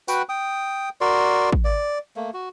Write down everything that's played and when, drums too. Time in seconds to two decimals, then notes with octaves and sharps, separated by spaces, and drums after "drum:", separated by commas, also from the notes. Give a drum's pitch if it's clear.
0.08 F#4 B4 F#5 G5, drum: tambourine
0.29 G5 D#6
1.01 F#4 A#4 D5 C6
1.52 drum: kick
1.64 D5
2.16 A3 A#3
2.34 F#4